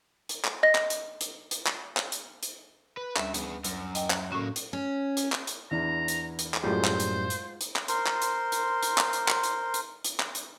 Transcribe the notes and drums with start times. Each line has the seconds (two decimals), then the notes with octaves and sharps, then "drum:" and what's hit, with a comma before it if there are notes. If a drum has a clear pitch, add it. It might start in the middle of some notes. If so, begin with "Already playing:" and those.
0.29 drum: hi-hat
0.45 drum: clap
0.63 D#5 A#6
0.75 drum: clap
0.90 drum: hi-hat
1.21 drum: hi-hat
1.51 drum: hi-hat
1.66 drum: clap
1.97 drum: clap
2.12 drum: hi-hat
2.43 drum: hi-hat
2.97 B4
3.16 D2 G3 C#4 E5, drum: clap
3.34 B3 G#4, drum: hi-hat
3.64 F#2, drum: hi-hat
3.95 D#5 G5, drum: hi-hat
4.10 drum: clap
4.32 A2 F#3 A#3 C#4
4.56 drum: hi-hat
4.73 C#4
5.17 drum: hi-hat
5.32 drum: clap
5.47 drum: hi-hat
5.71 E2 D4 E4 A#5
6.08 drum: hi-hat
6.39 drum: hi-hat
6.54 drum: clap
6.63 F#2 A2 G3 G#3 F4 F#4 C5
6.84 drum: clap
7.00 drum: hi-hat
7.30 drum: hi-hat
7.61 drum: hi-hat
7.76 drum: clap
7.88 A#4 C5 C6, drum: hi-hat
8.06 drum: clap
8.22 drum: hi-hat
8.52 drum: hi-hat
8.83 drum: hi-hat
8.98 drum: clap
9.13 drum: hi-hat
9.28 drum: clap
9.44 drum: hi-hat
9.74 drum: hi-hat
10.04 drum: hi-hat
10.20 drum: clap
10.35 drum: hi-hat